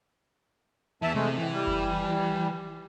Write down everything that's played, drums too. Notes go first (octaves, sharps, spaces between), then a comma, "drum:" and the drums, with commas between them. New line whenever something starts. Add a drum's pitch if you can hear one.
E2 E3 E5 A5
C3 G#3 A3
A2 E3
G3
drum: kick F#1